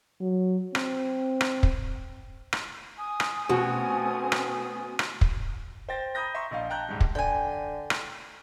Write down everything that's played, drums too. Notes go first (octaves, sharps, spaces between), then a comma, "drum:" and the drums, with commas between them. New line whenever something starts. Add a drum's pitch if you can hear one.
F#3
C4, drum: rim click
drum: rim click
drum: kick
drum: rim click
G#5 D#6
drum: rim click
B2 A3 C4 C#4 F#4
drum: rim click
drum: rim click
drum: kick
C5 G5 A6 A#6
A#5 B5 D#6 G6 A#6
E5 A#5 C6 C#6
A#1 D#5 F5
G5 A5 A#5 F#6 G6
C#2 G#2 G3
drum: kick
D3 G5 G#5
drum: rim click